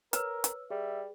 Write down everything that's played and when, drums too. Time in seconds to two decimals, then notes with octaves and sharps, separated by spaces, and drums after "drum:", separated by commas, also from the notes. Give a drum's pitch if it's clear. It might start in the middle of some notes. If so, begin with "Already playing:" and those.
0.13 A#4 B4 C#5 E6, drum: hi-hat
0.44 drum: hi-hat
0.70 G3 G#4 E5